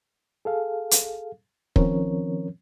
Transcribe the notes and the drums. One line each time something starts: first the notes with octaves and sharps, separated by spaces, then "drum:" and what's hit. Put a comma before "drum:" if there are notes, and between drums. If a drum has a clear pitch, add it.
G#4 A4 F5
drum: hi-hat
D#3 F3 C4 C#4 A#4 C#5, drum: kick